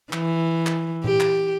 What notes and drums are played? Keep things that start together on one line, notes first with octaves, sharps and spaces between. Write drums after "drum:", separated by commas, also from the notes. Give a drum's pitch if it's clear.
E3, drum: clap
drum: clap
G4, drum: tom A#2
drum: clap